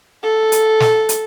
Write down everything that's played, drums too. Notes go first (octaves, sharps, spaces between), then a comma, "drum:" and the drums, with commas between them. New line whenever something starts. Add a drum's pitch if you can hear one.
A4
drum: hi-hat
drum: snare
drum: hi-hat